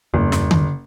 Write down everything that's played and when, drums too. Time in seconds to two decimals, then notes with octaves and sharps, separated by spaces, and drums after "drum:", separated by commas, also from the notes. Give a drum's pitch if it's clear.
0.14 F#1 E2 G2
0.32 drum: snare
0.51 drum: tom D3